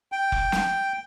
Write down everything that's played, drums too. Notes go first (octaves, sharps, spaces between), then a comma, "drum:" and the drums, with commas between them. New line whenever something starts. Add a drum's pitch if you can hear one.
G5
drum: kick F1
drum: snare